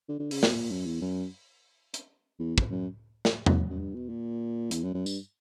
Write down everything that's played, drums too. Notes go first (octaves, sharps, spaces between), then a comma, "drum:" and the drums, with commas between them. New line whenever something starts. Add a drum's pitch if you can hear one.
D3
D3
C#3, drum: open hi-hat
B2, drum: snare
A#2
F#2
E2
F#2
drum: hi-hat
E2
drum: kick
F#2
drum: snare
drum: tom
F#2
G2
B2
A#2
E2, drum: hi-hat
F#2
F#2
G2, drum: tambourine